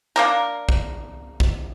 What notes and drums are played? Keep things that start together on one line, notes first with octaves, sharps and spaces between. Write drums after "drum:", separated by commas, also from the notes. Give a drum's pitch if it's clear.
A#3 D4 A#4
drum: kick A1
drum: kick A1